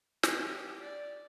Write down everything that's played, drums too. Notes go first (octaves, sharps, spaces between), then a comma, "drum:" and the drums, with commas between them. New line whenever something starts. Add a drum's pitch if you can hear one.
G4, drum: snare
D5